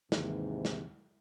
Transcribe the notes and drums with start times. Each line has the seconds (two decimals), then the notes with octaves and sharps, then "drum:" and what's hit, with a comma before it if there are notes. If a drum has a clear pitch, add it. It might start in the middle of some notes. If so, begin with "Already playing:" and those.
0.12 D#2 G#2 C3 E3, drum: snare
0.65 drum: snare